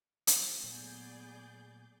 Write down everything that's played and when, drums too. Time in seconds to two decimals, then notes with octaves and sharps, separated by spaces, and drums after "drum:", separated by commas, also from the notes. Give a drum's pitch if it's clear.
0.27 drum: hi-hat
0.64 A#2 F#3 A3 B3 G#4 D5 G6